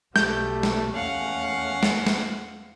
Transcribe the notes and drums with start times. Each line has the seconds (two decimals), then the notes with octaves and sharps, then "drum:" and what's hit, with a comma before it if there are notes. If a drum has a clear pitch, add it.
0.16 B1 G3 A3 G6, drum: snare
0.63 drum: snare
0.94 E2 A3 C#4 F5 F#5
1.83 drum: snare
2.07 drum: snare